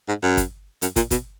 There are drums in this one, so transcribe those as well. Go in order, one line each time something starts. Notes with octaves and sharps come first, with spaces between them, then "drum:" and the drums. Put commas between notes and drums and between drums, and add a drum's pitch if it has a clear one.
G#2
F#2
drum: kick, hi-hat
F#2, drum: hi-hat
A#2, drum: kick, hi-hat
B2, drum: kick, hi-hat